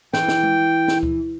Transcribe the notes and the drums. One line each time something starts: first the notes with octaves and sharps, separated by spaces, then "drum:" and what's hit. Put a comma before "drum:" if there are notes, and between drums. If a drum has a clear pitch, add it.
E3 G5, drum: snare
drum: snare
drum: tom G#3
drum: snare
drum: kick C#2